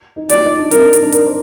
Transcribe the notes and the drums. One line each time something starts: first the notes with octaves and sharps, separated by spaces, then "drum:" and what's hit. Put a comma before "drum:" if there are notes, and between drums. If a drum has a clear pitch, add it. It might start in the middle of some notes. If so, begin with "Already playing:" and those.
D#4
F4 D5, drum: hi-hat
D#4
D4
C4 A#4, drum: hi-hat
D4
D#4, drum: hi-hat
D4
A#4, drum: hi-hat
C5